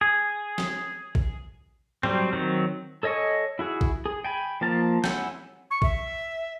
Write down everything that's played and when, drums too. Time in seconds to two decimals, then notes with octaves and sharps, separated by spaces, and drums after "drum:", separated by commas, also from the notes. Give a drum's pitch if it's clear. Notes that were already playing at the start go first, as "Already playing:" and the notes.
0.01 G#4
0.58 drum: snare
1.15 drum: kick A1
2.03 F#3 G3 C4, drum: tom G#2
2.33 D#3 F#3 C4
3.03 A4 C#5 D#5 G#5 C#6
3.59 E4 F#4 G#4
3.81 drum: kick A1
4.06 G#4
4.25 G5 G#5 B5
4.61 F3 A#3 F5 A5
5.04 E4 F#5 G#5 G6, drum: snare
5.70 C#6
5.82 E5, drum: kick A1